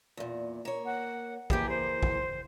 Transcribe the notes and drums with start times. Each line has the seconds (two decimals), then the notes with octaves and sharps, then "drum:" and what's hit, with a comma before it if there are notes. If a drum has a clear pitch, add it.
0.17 E2 A#2
0.65 A#3 C#5
0.85 F#5
1.50 E3 A#3 G4 G#4, drum: kick
1.69 C5
2.03 drum: kick